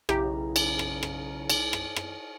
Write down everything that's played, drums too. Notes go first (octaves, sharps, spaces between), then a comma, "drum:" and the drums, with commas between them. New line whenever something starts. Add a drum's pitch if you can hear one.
B1 C#3 E4 G4 A#5, drum: rim click
drum: cymbal
drum: rim click
drum: rim click
drum: cymbal
drum: rim click
drum: rim click